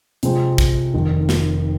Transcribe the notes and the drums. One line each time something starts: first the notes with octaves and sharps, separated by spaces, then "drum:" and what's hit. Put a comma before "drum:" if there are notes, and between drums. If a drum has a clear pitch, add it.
C3 F3 G#3 C4, drum: hi-hat
drum: kick, hi-hat
F1 F2 D#3
drum: snare